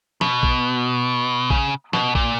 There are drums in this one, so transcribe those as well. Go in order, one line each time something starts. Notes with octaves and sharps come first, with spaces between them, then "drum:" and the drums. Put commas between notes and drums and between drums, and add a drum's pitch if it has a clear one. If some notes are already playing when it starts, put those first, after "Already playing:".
B2, drum: snare
drum: kick A#1
C#3, drum: kick A#1
B2, drum: snare
A#2, drum: kick A#1